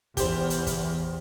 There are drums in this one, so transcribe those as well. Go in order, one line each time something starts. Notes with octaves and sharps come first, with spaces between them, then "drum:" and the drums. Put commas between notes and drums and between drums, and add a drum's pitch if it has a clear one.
E2 G4 C5, drum: kick, hi-hat
drum: hi-hat
drum: kick, hi-hat